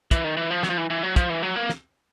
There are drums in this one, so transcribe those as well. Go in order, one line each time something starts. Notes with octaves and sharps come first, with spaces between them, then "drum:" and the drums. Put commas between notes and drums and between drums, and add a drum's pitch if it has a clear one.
E3, drum: kick, hi-hat
D#3
E3
F3
F#3, drum: snare
F3
E3
E3
F#3
F3, drum: kick, hi-hat
E3
F#3
A#3
drum: snare